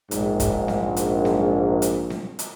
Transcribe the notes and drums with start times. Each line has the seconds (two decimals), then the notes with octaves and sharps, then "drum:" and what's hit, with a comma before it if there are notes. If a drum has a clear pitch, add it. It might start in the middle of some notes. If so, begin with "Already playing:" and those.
0.11 A#1 G#2, drum: hi-hat
0.40 drum: kick, hi-hat
0.68 drum: snare C4
0.97 drum: hi-hat
1.25 drum: snare C4
1.82 drum: hi-hat
2.10 drum: snare C4
2.39 drum: hi-hat